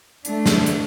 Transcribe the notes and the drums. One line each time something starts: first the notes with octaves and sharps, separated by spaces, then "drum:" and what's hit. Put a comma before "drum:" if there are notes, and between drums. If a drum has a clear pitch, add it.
A3 D4, drum: hi-hat
drum: snare
drum: hi-hat